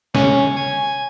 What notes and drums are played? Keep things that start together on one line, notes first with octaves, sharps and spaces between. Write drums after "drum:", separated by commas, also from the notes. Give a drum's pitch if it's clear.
C#4, drum: snare
G#5